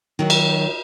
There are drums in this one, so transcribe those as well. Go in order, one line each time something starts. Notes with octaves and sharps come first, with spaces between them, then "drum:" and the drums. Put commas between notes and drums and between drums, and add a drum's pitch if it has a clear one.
D#3 F#3
drum: cymbal